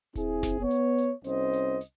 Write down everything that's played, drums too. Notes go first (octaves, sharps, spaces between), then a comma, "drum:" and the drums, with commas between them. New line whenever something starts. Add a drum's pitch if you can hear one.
C4 E4 G#4, drum: kick D#1, hi-hat
drum: snare F#1
B3 C#5
drum: hi-hat
drum: hi-hat
C2 C#4 C5 D#5, drum: hi-hat
drum: hi-hat
drum: hi-hat